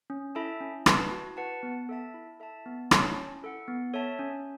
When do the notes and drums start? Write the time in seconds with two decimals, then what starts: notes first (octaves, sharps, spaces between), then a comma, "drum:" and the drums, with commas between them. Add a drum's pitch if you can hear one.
0.10 C#4
0.35 E4 A4 E5 A5
0.61 C#4
0.86 E4 B4 A5, drum: rim click
1.11 F#4
1.37 B4 F#5 A5
1.63 B3
1.89 A4 E5 A5
2.14 E4
2.40 A4 E5 A5
2.66 B3
2.91 E4 C#5 A5, drum: rim click
3.16 C#4
3.43 E4 A4 F#5
3.68 B3
3.94 A4 C#5 E5 A5
4.19 C#4